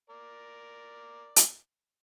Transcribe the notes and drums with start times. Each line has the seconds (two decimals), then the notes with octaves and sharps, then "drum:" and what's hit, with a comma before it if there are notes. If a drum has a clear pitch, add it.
0.10 A#4 D5
1.36 drum: hi-hat